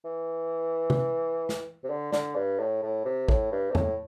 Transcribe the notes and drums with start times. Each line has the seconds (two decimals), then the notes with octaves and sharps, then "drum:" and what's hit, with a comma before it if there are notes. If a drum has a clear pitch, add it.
0.05 E3
0.90 drum: tom C3
1.49 drum: snare
1.84 C3
1.90 D3
2.12 D3, drum: snare
2.36 G2
2.59 A2
2.82 A2
3.05 C3
3.29 A2, drum: kick A1
3.52 G2
3.71 C3
3.75 A2, drum: tom E2